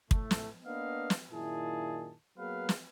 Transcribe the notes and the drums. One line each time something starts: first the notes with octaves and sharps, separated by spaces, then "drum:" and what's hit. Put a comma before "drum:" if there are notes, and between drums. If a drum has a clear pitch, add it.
A2 A3, drum: kick
drum: snare
A#3 B3 D4 B4 D#5 F5
drum: snare
F#2 A#2 D#3 E4 G#4 A5
F#3 A#3 B3 G#4 B4 F5
drum: snare